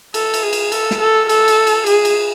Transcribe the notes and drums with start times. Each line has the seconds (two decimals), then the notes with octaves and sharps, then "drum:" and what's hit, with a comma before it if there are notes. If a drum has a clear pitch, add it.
0.14 A4, drum: cymbal
0.34 drum: cymbal
0.43 G#4
0.53 drum: cymbal
0.72 A4, drum: cymbal
0.91 drum: snare
1.00 A4
1.29 A4, drum: cymbal
1.48 drum: cymbal
1.67 drum: cymbal
1.86 G#4, drum: cymbal
2.05 drum: cymbal